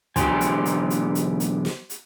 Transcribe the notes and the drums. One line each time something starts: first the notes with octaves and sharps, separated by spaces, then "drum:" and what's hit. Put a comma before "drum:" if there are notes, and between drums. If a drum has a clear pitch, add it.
B1 E2 D3 G4 C5 G#5, drum: kick, hi-hat
drum: hi-hat
drum: hi-hat
drum: hi-hat
drum: hi-hat
drum: hi-hat
drum: snare
drum: hi-hat